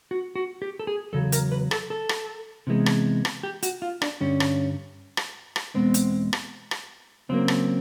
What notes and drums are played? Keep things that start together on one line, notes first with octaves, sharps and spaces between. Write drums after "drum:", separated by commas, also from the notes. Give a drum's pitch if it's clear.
F#4
F#4
G4
A4
G#4
E2 C#3 F#3 A4
A#4, drum: hi-hat
B4
A4, drum: rim click
A4
drum: rim click
C3 E3 G#3 B3
drum: rim click
drum: rim click
G4
F#4, drum: hi-hat
F4
D4, drum: rim click
G2 D3 G3 C#4
drum: rim click
drum: rim click
drum: rim click
E2 B2 G#3 B3 C4
drum: hi-hat
drum: rim click
drum: rim click
C#3 F#3 A#3 C4
drum: rim click